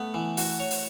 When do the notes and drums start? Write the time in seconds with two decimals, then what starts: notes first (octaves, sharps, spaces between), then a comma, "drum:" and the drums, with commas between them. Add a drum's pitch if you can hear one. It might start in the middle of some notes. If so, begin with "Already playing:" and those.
Already playing: A3 B3
0.14 E3
0.37 F#4, drum: open hi-hat
0.60 C#5
0.71 drum: open hi-hat